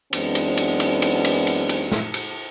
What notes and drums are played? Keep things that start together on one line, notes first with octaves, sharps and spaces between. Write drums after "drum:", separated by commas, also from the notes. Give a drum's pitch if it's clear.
F#2 E3 G#3 B3 C4 D4, drum: cymbal
drum: cymbal
drum: cymbal
drum: cymbal
drum: cymbal
drum: cymbal
drum: cymbal
drum: cymbal
drum: snare
drum: cymbal